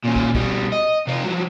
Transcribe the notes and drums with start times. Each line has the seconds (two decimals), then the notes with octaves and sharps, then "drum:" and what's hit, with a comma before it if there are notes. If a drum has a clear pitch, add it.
0.05 A#2 C#4
0.16 drum: kick
0.35 B2 G3, drum: kick
0.72 D#5
1.07 C3 F4
1.24 F3 F#3